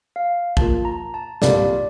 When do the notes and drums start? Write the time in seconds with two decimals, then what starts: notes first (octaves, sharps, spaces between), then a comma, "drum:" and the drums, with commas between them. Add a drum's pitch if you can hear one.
0.16 F5
0.57 F3 A#3 F4 A5, drum: kick A1
0.85 A#5
1.14 A5
1.42 C2 A#2 G3 A#3 F4 D5, drum: snare